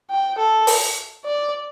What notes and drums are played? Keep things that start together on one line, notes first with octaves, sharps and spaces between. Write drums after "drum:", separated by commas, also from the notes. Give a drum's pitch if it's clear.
G5
A4
drum: open hi-hat
D5